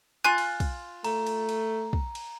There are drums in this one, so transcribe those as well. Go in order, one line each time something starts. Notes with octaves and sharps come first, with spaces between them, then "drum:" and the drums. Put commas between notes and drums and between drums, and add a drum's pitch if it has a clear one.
F4 G#5 F#6
drum: cymbal
drum: kick, cymbal
A3 A#5, drum: cymbal
drum: cymbal
drum: cymbal
drum: kick
drum: cymbal